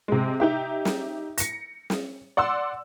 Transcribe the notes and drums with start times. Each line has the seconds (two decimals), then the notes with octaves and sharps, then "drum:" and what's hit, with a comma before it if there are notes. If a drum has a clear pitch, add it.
0.08 C3 G#3
0.40 D#4 G4 E5
0.85 drum: snare
1.38 A#6 C#7, drum: hi-hat
1.90 drum: snare
2.37 D5 F#5 C6 E6